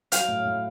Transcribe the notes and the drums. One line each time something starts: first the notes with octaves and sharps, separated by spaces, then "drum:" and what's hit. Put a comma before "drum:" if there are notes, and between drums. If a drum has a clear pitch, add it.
F#3 F5 G5, drum: hi-hat
A2
A2